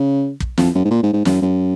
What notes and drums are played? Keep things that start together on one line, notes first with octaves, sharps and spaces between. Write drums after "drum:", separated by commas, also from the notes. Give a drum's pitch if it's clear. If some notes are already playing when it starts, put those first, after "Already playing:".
Already playing: C#3
drum: kick
F2, drum: snare
F#2
G#2
A#2
G#2
G#2
F#2, drum: snare
F#2